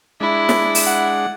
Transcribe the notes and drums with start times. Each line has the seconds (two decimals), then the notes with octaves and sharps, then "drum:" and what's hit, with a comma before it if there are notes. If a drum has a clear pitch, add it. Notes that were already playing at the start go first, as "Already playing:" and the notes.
0.21 G#3 D4 E4
0.49 drum: snare
0.75 drum: open hi-hat
0.86 F#5